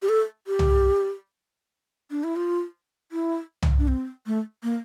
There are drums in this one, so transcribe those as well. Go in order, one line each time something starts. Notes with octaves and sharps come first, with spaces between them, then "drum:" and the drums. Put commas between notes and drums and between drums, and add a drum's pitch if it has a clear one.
G4
A4
G4
drum: tom C2
D4
E4
F4
E4
drum: tom C2
D4
C4
A3
A#3